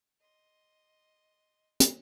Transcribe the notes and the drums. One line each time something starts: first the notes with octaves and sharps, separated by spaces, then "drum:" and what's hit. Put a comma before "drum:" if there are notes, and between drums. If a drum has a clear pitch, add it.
D#5 C6
drum: hi-hat